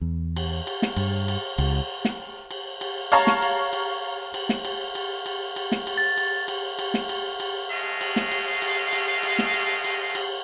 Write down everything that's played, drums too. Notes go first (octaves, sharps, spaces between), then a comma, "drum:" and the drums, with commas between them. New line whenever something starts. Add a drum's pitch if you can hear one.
E2
drum: cymbal
drum: cymbal
drum: snare
G2, drum: cymbal
drum: cymbal
C#2, drum: cymbal
drum: snare
drum: cymbal
drum: cymbal
C#5 F5 A5 A#5 C#6, drum: cymbal
drum: snare
drum: cymbal
drum: cymbal
drum: cymbal
drum: snare
drum: cymbal
drum: cymbal
drum: cymbal
drum: cymbal
drum: snare
drum: cymbal
A6
drum: cymbal
drum: cymbal
drum: cymbal
drum: snare
drum: cymbal
drum: cymbal
G#3 A3 D#5 F5
drum: cymbal
drum: snare
drum: cymbal
drum: cymbal
drum: cymbal
drum: cymbal
drum: snare
drum: cymbal
drum: cymbal
drum: cymbal